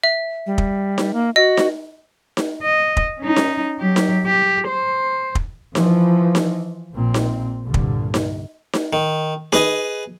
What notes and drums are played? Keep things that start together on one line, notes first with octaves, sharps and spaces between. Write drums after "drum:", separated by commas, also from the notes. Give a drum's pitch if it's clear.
E5
G3
drum: kick
drum: snare D#4
A#3
F#4 D#5
drum: snare D#4
drum: snare D#4
D#5
drum: kick
C#4 D#4
drum: snare D#4
F#3 G4
drum: snare D#4
G4
C5
drum: kick
E3 F3, drum: snare D#4
drum: snare D#4
A#1 A#2 C4
drum: snare D#4
C2 G2 A#2 D3
drum: kick
drum: snare D#4
drum: snare D#4
D#3
G#4 B4 D#5 G#5, drum: snare D#4